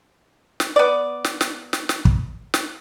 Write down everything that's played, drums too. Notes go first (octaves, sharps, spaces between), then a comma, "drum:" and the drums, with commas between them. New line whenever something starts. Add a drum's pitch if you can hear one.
drum: snare
B3 D5
drum: snare
drum: snare
drum: snare
drum: snare
drum: kick
drum: snare